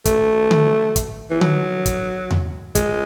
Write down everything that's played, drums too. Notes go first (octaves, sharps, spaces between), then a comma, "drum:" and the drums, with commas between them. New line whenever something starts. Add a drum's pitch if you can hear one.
A3, drum: kick, hi-hat
drum: tom D3
drum: kick, hi-hat
E3
F#3, drum: tom D3
drum: kick, hi-hat
drum: tom E2
G#3, drum: kick, hi-hat